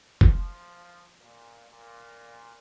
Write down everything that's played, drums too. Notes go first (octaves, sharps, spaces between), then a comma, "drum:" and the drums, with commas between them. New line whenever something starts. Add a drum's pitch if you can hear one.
F3, drum: kick F#1
A#2
A#2